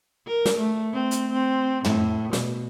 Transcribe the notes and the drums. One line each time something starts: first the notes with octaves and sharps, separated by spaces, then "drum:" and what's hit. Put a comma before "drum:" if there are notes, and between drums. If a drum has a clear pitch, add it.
A#4
drum: snare
A3
C4
drum: hi-hat
C4
A2, drum: tom
B2, drum: snare